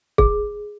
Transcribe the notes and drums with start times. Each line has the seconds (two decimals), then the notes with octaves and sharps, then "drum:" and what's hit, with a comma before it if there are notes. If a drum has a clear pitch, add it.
0.18 G#4, drum: kick